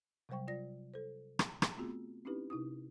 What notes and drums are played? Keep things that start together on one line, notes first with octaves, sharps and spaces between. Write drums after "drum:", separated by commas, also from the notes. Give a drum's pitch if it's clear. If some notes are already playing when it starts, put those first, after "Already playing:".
C3 F#3 G3 C5 G5 C#6
F4 D5 A#6
A4 C5
drum: rim click
drum: rim click
A3 B3 C4 F4 F#4 G#4
C4 C#4 D#4 E4 G4 B4
C3 D#4 E4 D#6